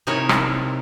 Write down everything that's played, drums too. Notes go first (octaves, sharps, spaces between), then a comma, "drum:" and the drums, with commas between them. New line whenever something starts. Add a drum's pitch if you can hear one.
C3 D#4 E4 A#4 C#5
drum: rim click